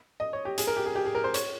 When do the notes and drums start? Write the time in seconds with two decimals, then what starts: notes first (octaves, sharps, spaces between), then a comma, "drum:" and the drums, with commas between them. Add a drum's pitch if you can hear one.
0.20 D#5
0.33 C#5
0.45 G4
0.58 G#4, drum: hi-hat
0.67 A#4
0.76 G4
0.86 G#4
0.96 G4
1.06 G#4
1.15 A#4
1.24 C5
1.34 C#5, drum: hi-hat